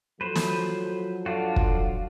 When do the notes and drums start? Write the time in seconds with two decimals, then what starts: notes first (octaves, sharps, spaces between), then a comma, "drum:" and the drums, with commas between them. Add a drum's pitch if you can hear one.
0.21 F3 F#3 A4 B4 C5
0.35 drum: snare
1.26 D4 F4 F#4 F5
1.56 drum: kick